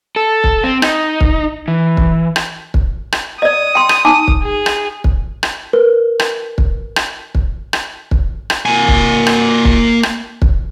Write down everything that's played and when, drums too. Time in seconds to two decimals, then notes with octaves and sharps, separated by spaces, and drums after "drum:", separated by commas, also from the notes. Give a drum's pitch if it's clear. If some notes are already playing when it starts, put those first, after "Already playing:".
0.16 A4
0.44 drum: kick
0.64 C4
0.82 D#4, drum: rim click
1.21 drum: kick
1.68 E3
1.97 drum: kick
2.36 drum: rim click
2.74 drum: kick
3.12 drum: rim click
3.42 D5 D#5 D#6
3.75 G5 C6
3.89 drum: rim click
4.05 D#4 G#5 D6
4.28 drum: kick
4.43 G#4
4.66 drum: rim click
5.04 drum: kick
5.43 drum: rim click
5.73 A#4 B4
6.19 drum: rim click
6.58 drum: kick
6.96 drum: rim click
7.35 drum: kick
7.73 drum: rim click
8.11 drum: kick
8.50 drum: rim click
8.66 A#3 G#5
8.88 drum: kick
9.27 drum: rim click
9.65 drum: kick
10.03 drum: rim click
10.42 drum: kick